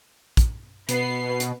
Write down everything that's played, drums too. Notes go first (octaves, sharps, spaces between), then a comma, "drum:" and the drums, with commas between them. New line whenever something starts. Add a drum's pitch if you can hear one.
drum: kick, hi-hat
B2 B3 C7, drum: hi-hat
drum: hi-hat